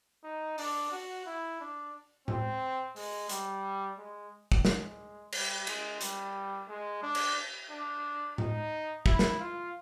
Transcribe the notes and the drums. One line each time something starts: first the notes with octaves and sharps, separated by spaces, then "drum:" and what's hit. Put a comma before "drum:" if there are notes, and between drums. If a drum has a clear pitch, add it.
D#4
D4, drum: open hi-hat
F#4
E4
D4
C4, drum: tom A2
G#3, drum: open hi-hat
G3, drum: hi-hat
G#3
drum: kick
G#3, drum: snare
G3, drum: cymbal
G#3, drum: cymbal
G3, drum: hi-hat
G#3
D4
drum: cymbal
D4
D#4, drum: tom A2
E4, drum: kick
drum: snare
F4